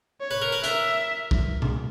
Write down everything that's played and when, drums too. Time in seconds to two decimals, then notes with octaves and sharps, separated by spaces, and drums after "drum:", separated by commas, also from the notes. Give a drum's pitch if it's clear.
0.21 C#5
0.31 B4
0.42 A#4
0.53 B4
0.64 A#4 E5, drum: hi-hat
1.31 drum: kick
1.62 drum: tom B2